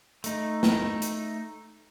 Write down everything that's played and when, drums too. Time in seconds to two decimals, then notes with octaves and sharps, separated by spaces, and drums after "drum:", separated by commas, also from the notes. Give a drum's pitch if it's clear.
0.24 A3 D#4, drum: hi-hat
0.63 drum: snare
1.02 drum: hi-hat